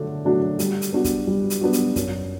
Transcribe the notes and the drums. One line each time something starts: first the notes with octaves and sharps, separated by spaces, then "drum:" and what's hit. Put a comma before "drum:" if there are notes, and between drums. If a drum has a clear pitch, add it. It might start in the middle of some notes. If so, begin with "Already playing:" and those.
Already playing: D3 F#3 A3 D4 F#4
F#3 A3 D4 F#4
G3, drum: hi-hat
drum: hi-hat
B3 D4 F#4
drum: kick, hi-hat
G3
drum: hi-hat
B3 D4 F#4
drum: hi-hat
F#2, drum: kick, hi-hat